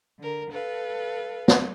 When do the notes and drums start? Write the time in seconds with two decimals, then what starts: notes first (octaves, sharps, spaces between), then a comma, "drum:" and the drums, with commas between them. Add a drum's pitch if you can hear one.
0.19 D3 A#4
0.51 A4 B4 F5
1.48 drum: snare